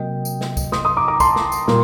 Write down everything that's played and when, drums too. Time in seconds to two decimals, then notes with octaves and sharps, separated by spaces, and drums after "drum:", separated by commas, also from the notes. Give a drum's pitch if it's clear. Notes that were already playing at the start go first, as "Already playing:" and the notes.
Already playing: C3 F#3 A#3 D#5 G5
0.25 drum: tambourine
0.41 drum: snare
0.57 drum: kick, tambourine
0.72 C6 D#6, drum: snare
0.85 C6 D#6
0.97 A#5 D6
1.08 A#5 D6
1.20 A5 C6, drum: kick, tambourine
1.36 drum: snare
1.52 drum: tambourine
1.68 A#2 G3 A#3, drum: snare